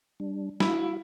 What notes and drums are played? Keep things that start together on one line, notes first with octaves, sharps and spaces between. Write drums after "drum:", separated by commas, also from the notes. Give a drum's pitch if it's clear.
G3 D4
E4 F#4 F5, drum: snare